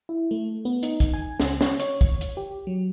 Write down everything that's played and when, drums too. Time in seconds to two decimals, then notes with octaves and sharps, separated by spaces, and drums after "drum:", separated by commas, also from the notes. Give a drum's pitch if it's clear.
0.09 E4
0.31 A3
0.65 B3
0.83 D#4, drum: hi-hat
1.00 drum: kick, hi-hat
1.14 G#5
1.40 C#2, drum: snare
1.61 C#5, drum: snare
1.80 C#5, drum: hi-hat
2.01 drum: kick, hi-hat
2.21 drum: hi-hat
2.37 G4
2.67 F#3